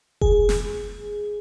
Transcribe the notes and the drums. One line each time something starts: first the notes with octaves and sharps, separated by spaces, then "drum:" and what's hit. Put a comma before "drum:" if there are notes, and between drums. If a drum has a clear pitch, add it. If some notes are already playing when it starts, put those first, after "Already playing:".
G#4, drum: kick F1
drum: snare